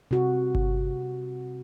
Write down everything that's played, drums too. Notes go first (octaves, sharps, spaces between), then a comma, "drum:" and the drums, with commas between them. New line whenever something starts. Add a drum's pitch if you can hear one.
C3 F#4
drum: kick G1